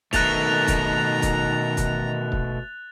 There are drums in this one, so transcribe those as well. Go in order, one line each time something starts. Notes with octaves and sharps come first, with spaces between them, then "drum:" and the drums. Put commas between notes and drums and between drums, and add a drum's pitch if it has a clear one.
B2 D#3 A3 A#5 F#6 A6 F7, drum: kick, hi-hat
drum: kick, hi-hat
drum: kick, hi-hat
drum: kick, hi-hat
drum: kick